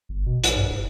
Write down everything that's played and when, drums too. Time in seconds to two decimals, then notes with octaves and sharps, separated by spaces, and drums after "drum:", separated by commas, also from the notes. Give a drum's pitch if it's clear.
0.09 G1
0.26 B2
0.44 A#1, drum: hi-hat
0.56 G2
0.71 F1